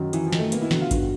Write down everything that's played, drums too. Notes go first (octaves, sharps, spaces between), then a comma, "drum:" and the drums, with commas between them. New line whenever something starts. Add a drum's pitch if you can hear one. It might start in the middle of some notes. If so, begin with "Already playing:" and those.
Already playing: F#2 D#3
F#2 E3, drum: hi-hat
F3
D#3, drum: snare
A3
A#3 B3, drum: hi-hat
E4
D3 F#4, drum: snare
F4
G2 F#4, drum: kick G#1, hi-hat